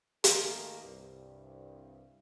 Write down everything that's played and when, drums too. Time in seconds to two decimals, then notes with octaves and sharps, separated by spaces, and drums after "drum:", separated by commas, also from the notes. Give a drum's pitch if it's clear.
0.24 G#2 D#3 A3 A#3 G#4 A#4, drum: hi-hat
0.83 C2 G2